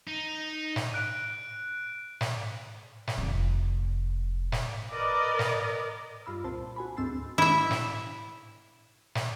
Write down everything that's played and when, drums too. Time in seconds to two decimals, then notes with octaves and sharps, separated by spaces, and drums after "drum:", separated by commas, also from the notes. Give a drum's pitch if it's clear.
0.07 D#4
0.76 drum: snare
0.94 F#6 D7
2.21 drum: snare
3.07 drum: snare
3.18 F1 A3
4.52 drum: snare
4.92 A#4 B4 D5 D#5
5.39 drum: snare
6.26 G2 F4 B5 E6
6.44 C2 A#2 C5 A5
6.76 F#4 G#5 B5
6.97 D2 G#2 C4 E6 A6 C7
7.38 E4 E5
7.71 drum: snare
9.15 drum: snare